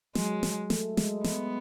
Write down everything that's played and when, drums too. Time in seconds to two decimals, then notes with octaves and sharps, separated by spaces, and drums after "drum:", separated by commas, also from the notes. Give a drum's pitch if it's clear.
0.15 F#3 G#3, drum: snare
0.43 drum: snare
0.70 A3, drum: snare
0.97 G#3, drum: snare
1.24 B3, drum: snare